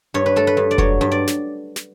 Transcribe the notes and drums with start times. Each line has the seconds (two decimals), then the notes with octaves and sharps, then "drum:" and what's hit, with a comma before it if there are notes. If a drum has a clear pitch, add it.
0.14 G2 C#5
0.26 B4
0.36 A3 A4
0.47 B4
0.57 G2
0.71 D5
0.78 F#3 C#5, drum: kick F1
1.01 G2
1.11 D5
1.27 drum: snare
1.76 drum: snare